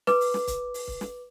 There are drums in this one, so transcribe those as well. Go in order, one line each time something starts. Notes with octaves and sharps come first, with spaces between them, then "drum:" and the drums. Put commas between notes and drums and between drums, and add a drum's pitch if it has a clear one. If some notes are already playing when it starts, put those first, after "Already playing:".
B4 D6, drum: snare
drum: open hi-hat
drum: snare
drum: kick, hi-hat
drum: open hi-hat
drum: kick
drum: snare